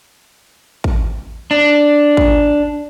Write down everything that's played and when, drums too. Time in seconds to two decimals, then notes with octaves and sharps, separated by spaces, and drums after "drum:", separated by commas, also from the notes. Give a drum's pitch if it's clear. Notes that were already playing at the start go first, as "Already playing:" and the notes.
0.84 drum: kick A1
1.51 D4
2.17 drum: kick A1